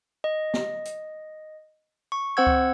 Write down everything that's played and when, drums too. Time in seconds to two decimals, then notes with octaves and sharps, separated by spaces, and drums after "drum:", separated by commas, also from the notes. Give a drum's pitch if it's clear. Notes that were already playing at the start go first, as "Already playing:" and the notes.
0.24 D#5
0.54 drum: snare
0.85 drum: hi-hat
2.12 C#6
2.37 C4 C5 F#5 E6 G#6
2.47 drum: kick C#2